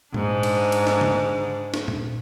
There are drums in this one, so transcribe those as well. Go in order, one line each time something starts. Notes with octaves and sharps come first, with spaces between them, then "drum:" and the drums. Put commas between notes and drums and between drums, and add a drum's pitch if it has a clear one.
G#2 D4, drum: tom A#2
drum: cymbal
drum: cymbal
drum: snare
drum: tom
drum: snare
drum: tom A#2